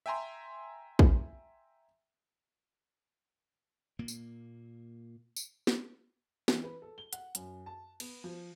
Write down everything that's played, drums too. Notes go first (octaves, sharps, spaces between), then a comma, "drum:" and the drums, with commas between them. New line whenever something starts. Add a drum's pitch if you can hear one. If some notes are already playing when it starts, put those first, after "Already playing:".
E5 G5 G#5 A#5 C6
drum: kick
A#2 A#3
drum: tambourine
drum: tambourine
drum: snare
E3, drum: snare
B4
A4
G7
F#5, drum: hi-hat
F#2, drum: hi-hat
A5
B3, drum: cymbal
F3